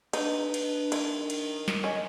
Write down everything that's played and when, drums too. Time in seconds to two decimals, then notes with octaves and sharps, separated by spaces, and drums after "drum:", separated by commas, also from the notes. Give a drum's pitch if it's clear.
0.13 D4 D#4 B4, drum: cymbal
0.54 drum: cymbal
0.92 D#3 E4, drum: cymbal
1.30 drum: cymbal
1.68 drum: snare
1.84 C#4 D#5